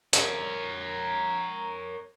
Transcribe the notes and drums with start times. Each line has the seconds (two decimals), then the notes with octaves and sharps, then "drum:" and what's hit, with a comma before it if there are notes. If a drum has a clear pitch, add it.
0.13 A#4 C#5, drum: hi-hat